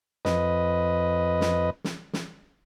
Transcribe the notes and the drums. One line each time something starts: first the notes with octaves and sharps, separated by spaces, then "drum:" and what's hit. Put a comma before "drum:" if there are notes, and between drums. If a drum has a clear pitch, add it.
F2 B4 D#5, drum: snare
drum: snare
drum: snare
drum: snare